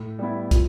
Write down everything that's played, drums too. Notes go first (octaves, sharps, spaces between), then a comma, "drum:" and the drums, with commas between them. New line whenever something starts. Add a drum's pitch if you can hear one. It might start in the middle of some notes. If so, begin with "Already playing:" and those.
Already playing: A2
G3 B3 E4
F3, drum: kick, hi-hat